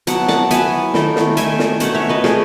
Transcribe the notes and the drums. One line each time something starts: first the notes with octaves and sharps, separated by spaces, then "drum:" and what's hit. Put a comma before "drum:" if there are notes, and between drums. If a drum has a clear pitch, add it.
F#3 B3 E4 F#5 A5, drum: hi-hat
F#5 A5, drum: snare
F#3 B3 E4 G#5 B5, drum: hi-hat
D#3 A3 E4, drum: snare
drum: snare
D#3 A3 E4 E5 G#5, drum: hi-hat
drum: snare
B2 A3 C#4 F#5 A5, drum: hi-hat
C#5 E5
B4 D#5
B2 A3 C#4 G#4, drum: snare